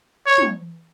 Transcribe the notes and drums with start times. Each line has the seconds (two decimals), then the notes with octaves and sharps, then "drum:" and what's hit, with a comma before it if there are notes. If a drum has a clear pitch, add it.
0.27 C#5
0.38 drum: tom